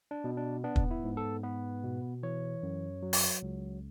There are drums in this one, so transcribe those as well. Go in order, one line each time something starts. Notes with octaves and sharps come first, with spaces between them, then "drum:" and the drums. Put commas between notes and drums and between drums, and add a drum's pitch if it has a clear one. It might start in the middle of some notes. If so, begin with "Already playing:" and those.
D4
B2
D4
B3 D4
drum: kick
E4
G#2
A4
B3 B4
B2
E3 C#5
F#2
F#3
drum: open hi-hat
C#2